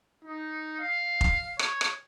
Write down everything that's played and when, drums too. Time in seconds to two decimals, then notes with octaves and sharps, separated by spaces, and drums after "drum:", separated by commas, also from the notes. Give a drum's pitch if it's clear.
0.25 D#4
0.81 F5
1.21 drum: kick F1
1.59 C#5, drum: rim click
1.81 drum: rim click